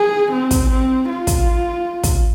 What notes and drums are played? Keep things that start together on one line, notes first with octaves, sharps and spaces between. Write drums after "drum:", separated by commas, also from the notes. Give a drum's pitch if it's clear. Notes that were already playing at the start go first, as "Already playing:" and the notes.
Already playing: G#4
C4
drum: kick, hi-hat
C4
F4
drum: kick, hi-hat
drum: kick, hi-hat